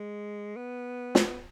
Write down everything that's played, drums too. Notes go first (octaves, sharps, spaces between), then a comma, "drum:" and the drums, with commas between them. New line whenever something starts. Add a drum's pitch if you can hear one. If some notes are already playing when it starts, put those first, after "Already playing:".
Already playing: G#3
B3
drum: snare